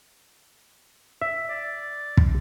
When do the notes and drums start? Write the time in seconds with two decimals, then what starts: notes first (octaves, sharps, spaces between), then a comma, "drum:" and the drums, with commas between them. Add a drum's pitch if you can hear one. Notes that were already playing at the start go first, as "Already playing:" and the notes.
1.22 E5
1.49 D5
2.17 drum: kick